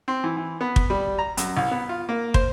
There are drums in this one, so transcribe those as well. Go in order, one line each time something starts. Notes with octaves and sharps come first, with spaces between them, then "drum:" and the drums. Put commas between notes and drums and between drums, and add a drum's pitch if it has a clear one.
C4
E3
E3
B3
drum: kick
G3
A#5
F#2, drum: hi-hat
C2
B3
F4
A#3
C5, drum: kick